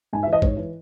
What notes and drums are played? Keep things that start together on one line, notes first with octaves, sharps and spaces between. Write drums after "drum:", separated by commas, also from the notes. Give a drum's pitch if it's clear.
G#2 G#5
E5
E3
D#5
G#2 C#5, drum: kick
E3